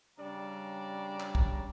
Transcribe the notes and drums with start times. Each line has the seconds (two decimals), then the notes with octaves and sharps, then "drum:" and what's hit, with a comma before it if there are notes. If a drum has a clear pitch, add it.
0.19 C#3 G3 C#4 D4 D5 A#5
1.20 drum: clap
1.35 drum: kick